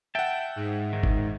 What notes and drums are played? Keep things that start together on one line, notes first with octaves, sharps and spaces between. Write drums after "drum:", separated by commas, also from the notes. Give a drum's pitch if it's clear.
E5 F#5 G5 A5
G#2
D#3
drum: kick G1